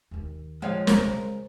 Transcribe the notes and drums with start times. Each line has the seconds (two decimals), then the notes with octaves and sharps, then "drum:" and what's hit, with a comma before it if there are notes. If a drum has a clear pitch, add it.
0.11 D#2 D#3
0.62 F3 G#3 C#5 F5
0.87 D#2 B2 A#4, drum: snare
0.99 C#3